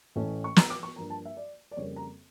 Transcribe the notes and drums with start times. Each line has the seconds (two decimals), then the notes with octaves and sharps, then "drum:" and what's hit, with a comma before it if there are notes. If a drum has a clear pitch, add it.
0.16 A1 A2 E3 A3 C#4
0.44 C#6
0.56 A#5, drum: snare
0.70 D6
0.83 C#6
0.96 G2 F3 A#3 A#5
1.10 A5
1.25 E5
1.37 D5
1.71 D5
1.76 F2 C#3 G3 A#3 C#5
1.96 A#5